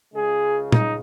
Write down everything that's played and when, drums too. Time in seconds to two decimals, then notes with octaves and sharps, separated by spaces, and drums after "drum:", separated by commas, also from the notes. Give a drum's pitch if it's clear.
0.14 C#2 C#3 G#3 G#4
0.72 D#4, drum: tom A#2